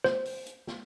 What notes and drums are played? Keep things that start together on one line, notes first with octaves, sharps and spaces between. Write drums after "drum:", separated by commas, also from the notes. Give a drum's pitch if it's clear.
C5, drum: snare
drum: open hi-hat
drum: hi-hat
drum: snare